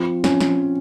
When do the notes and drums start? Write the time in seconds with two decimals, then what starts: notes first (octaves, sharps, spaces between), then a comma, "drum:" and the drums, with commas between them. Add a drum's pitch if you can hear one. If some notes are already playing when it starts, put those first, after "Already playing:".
Already playing: F3 C4
0.24 C#4, drum: snare
0.40 drum: snare